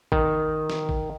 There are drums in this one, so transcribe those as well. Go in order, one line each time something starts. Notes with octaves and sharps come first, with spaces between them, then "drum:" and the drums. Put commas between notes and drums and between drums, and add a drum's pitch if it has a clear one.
D#3, drum: kick A1
drum: snare
drum: kick A1